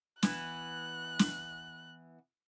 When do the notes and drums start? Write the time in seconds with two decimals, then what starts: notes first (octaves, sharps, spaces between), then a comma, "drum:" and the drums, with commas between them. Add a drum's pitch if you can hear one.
0.23 E3 B3 F#6, drum: snare
1.19 drum: snare